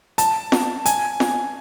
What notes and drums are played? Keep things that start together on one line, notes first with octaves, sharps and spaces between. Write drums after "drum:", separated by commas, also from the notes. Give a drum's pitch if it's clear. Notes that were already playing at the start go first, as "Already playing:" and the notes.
A5, drum: hi-hat
drum: snare
G#5, drum: hi-hat
drum: snare